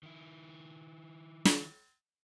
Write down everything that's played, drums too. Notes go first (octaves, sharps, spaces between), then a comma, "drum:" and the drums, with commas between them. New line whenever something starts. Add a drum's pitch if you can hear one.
D#3 E4
drum: snare